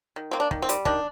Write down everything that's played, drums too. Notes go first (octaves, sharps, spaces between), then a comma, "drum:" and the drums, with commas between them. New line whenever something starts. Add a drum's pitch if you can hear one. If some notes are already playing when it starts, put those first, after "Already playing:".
D#3
A#3 C4
D4
D#3, drum: kick
C4
G3, drum: hi-hat
D#3 D4, drum: kick